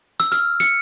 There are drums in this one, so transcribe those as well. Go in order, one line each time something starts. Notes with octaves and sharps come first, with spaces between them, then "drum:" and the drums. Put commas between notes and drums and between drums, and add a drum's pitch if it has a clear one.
E6, drum: hi-hat
F6, drum: hi-hat
C#7, drum: hi-hat